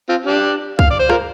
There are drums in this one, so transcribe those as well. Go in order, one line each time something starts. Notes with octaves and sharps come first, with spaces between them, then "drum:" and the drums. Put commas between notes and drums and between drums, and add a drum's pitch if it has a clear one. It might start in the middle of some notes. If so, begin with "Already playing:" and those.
C4 F4
D4 G4
F5, drum: kick C2
D5
C5
F4 A#4, drum: rim click